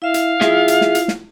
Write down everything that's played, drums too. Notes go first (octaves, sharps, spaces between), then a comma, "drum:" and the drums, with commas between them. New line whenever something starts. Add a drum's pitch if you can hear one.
E4 E5 F5
drum: hi-hat
E4 F4 G#4 E5, drum: snare
drum: hi-hat
drum: snare
drum: hi-hat
drum: snare